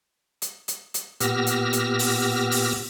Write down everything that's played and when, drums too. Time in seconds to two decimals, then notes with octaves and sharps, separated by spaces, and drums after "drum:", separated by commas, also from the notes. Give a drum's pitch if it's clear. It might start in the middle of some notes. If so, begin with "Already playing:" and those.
0.42 drum: hi-hat
0.68 drum: hi-hat
0.94 drum: hi-hat
1.20 A#2 B3 G4 E6 F6 A#6, drum: hi-hat
1.47 drum: hi-hat
1.73 drum: hi-hat
1.99 drum: open hi-hat
2.51 drum: open hi-hat